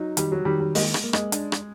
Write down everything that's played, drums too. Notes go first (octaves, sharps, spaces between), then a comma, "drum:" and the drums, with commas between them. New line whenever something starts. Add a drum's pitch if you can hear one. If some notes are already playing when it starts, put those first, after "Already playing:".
Already playing: F#3 D#4
D#3 G3, drum: hi-hat
F#3
D#3 G3
G3
G#3 A#3, drum: open hi-hat
drum: rim click
A#3
G#3, drum: rim click
D4, drum: hi-hat
drum: rim click